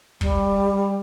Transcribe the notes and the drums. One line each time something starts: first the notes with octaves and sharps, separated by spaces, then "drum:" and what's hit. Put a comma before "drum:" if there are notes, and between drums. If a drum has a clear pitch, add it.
G3, drum: kick